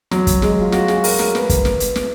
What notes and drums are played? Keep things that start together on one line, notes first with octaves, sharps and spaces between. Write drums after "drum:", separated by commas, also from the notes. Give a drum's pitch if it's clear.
F#3, drum: snare
drum: kick, hi-hat
G#3, drum: snare
F4
F#4, drum: snare
G#4, drum: snare
A#4, drum: open hi-hat
A#4, drum: snare
B4, drum: snare
drum: kick, hi-hat
drum: snare
drum: hi-hat
drum: snare